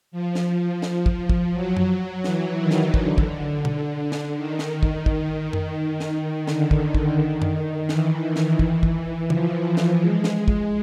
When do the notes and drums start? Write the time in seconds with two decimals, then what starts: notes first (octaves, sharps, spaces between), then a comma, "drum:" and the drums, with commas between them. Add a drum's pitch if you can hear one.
0.12 F3
0.35 drum: snare
0.82 drum: snare
1.06 drum: kick
1.29 drum: kick
1.53 F#3
1.77 drum: tom F#2
1.88 F#3
2.24 E3, drum: snare
2.59 D#3
2.71 drum: snare
2.94 D3, drum: kick
3.18 drum: kick
3.65 drum: tom B2
4.12 drum: snare
4.36 D#3
4.59 drum: snare
4.83 drum: kick
5.06 drum: kick
5.53 drum: tom F#2
5.77 D#3
6.00 drum: snare
6.48 D3, drum: snare
6.71 drum: kick
6.95 drum: kick
7.18 D#3
7.42 drum: tom F#2
7.89 E3, drum: snare
8.36 drum: snare
8.59 drum: kick
8.83 drum: kick
9.30 F3, drum: tom
9.77 drum: snare
10.00 G#3
10.24 drum: snare
10.48 drum: kick